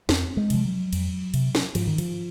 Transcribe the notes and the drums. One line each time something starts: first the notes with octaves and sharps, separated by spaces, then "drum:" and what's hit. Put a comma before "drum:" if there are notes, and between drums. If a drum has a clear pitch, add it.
F2 C4, drum: snare
G#3
C3 F3, drum: cymbal
F#3
F2, drum: cymbal
C3, drum: cymbal
drum: snare
G#2 F3, drum: cymbal
D#3
F3, drum: cymbal